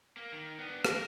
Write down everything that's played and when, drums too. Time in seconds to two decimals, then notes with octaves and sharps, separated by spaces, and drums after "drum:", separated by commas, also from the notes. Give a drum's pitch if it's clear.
0.17 A#3
0.32 D#3
0.59 B3 D4
0.85 A#4, drum: rim click